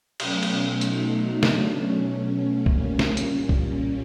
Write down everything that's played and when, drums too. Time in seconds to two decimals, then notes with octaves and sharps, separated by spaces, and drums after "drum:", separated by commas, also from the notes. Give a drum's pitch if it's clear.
0.20 B2 F#3 A3 C#4, drum: cymbal
0.43 drum: cymbal
0.81 D#4, drum: hi-hat
1.43 D4, drum: snare
1.75 C#4
2.66 A#2 G3 A#3, drum: kick B1
2.99 drum: snare
3.17 drum: hi-hat
3.29 C#4
3.49 drum: kick B1